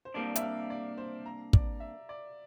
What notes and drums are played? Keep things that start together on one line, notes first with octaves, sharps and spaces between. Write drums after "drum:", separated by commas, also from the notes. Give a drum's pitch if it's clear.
C5
C3 G3 A#3 D4 D5
E5, drum: hi-hat
F5
D5
C5
A#5
D5, drum: kick
E5
D5